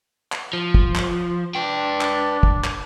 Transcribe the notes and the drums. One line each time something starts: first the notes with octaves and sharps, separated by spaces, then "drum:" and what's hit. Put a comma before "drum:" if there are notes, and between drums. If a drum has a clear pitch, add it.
drum: clap
F3
drum: kick
drum: clap
D4 B4 G5
drum: clap
drum: kick
drum: clap